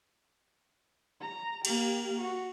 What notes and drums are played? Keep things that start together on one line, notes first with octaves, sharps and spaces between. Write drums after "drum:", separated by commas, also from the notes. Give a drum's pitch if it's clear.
A#5
A#3 G4, drum: cymbal
F#4